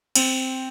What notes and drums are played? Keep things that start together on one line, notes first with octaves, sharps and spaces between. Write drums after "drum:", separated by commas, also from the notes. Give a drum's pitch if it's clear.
C4, drum: cymbal